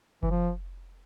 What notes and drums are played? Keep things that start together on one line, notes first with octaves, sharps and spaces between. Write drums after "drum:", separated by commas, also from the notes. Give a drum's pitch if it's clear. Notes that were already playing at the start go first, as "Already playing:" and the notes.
E3, drum: kick F#1
F3